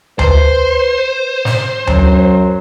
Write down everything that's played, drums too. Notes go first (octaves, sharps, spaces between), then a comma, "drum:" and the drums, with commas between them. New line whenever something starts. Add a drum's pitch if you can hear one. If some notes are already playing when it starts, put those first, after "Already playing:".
B4 C5, drum: tom D2
drum: snare
F#2 F#3, drum: tom D2